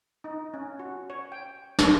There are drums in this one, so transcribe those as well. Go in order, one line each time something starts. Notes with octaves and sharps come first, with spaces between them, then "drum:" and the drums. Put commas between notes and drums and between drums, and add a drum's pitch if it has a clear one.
D#4
C#4
F#4
C#5
G5
A3, drum: snare